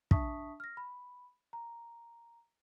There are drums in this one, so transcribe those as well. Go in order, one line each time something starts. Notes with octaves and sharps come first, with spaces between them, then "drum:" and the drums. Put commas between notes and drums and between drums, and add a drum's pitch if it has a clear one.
D4 E5 A5 C#6 D#6 B6, drum: kick
F6 A#6
B5
A#5